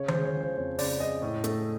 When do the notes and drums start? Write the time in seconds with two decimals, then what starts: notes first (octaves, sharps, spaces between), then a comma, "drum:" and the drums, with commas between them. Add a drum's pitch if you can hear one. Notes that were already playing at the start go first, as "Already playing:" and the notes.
Already playing: C#3 C#5
0.08 C5, drum: tom D#3
0.14 G#3
0.25 C#5
0.35 F3 C5
0.57 F2 C#5
0.79 C#3 D5, drum: open hi-hat
1.00 G#3 D#5
1.22 A2
1.44 A3, drum: hi-hat